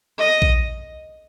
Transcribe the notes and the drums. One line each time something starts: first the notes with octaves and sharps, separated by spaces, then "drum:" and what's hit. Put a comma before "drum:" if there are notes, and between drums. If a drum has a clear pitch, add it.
D#5
drum: kick A#1